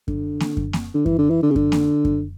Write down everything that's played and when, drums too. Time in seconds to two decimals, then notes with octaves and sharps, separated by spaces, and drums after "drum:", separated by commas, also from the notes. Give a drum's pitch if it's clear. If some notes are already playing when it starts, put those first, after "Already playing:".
0.08 D3, drum: kick F#2
0.40 drum: snare A#3
0.57 drum: kick F#2
0.73 drum: snare A#3
0.94 D3
1.06 E3, drum: kick F#2
1.19 D3
1.30 E3
1.43 D3
1.51 C#3
1.56 D3, drum: kick F#2
1.72 drum: snare A#3
2.05 drum: kick F#2